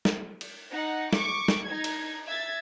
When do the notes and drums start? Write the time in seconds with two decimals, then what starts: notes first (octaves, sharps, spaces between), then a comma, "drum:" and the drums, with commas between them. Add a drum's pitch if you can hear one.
0.05 drum: snare
0.41 drum: cymbal
0.71 D#4 F#5
1.13 C#6 D6, drum: snare
1.48 drum: snare
1.66 D#4 G#6
1.84 drum: cymbal
2.27 E5 G#6 A6